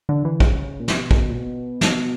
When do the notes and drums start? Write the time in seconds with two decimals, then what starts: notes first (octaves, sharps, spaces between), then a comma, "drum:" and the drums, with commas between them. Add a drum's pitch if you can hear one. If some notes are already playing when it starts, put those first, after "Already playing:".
0.09 D3
0.25 E3
0.40 C#3, drum: kick
0.80 A#2
0.88 B2, drum: snare
1.11 drum: kick
1.29 A#2
1.35 B2
1.81 drum: snare